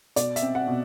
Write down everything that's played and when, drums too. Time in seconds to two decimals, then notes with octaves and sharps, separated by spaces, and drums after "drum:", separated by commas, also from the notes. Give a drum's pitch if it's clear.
0.16 B2 D5, drum: hi-hat
0.36 E5, drum: hi-hat
0.42 C4
0.55 F#5
0.68 B2